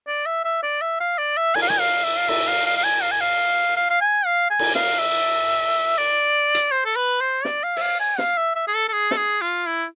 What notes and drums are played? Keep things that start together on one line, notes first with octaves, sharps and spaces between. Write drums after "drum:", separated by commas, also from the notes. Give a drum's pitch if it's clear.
D5
E5
E5
D5
E5
F5
D5
E5
G#5, drum: cymbal
F5
G#5, drum: rim click
F5
E5
F5
E5, drum: cymbal
F5
F5
F5
G#5
F5
G#5
F5
F5
F5
G#5
F5
G#5
drum: cymbal
F5, drum: snare
E5
D5
drum: hi-hat
C5
A4
B4
C5
D5, drum: snare
F5
E5, drum: open hi-hat
F5
G#5
F5, drum: snare
E5
E5
G#4
A4
A4
G#4
A4, drum: snare
G#4
F4
E4